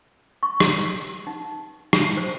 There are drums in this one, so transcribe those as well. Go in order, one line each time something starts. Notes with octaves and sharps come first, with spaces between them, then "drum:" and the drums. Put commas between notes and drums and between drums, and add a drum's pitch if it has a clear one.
C#6
drum: rim click
D#4
drum: rim click
C5